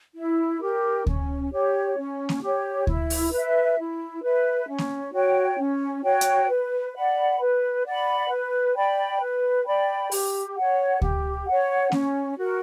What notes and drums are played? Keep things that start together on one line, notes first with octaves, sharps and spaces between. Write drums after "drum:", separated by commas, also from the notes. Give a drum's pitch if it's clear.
E4
G4 A#4
C#4, drum: kick D2
G4 C#5
C#4
drum: snare A#3
G4 C#5
E4, drum: kick D2
drum: open hi-hat
B4 E5
E4
B4 E5
C#4
drum: snare A#3
F#4 C#5 G5
C#4
F#4 C#5 G5
drum: hi-hat
B4
D5 F#5 B5
B4
D5 F#5 B5
B4
D5 G5 B5
B4
D5 G5 B5
G4, drum: open hi-hat
C#5 F#5
G4, drum: kick D2
C#5 F#5
C#4, drum: snare A#3
F#4 A#4